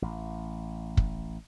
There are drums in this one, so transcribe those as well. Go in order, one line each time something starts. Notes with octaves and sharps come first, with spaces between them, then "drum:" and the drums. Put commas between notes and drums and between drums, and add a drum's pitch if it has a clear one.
A1
drum: kick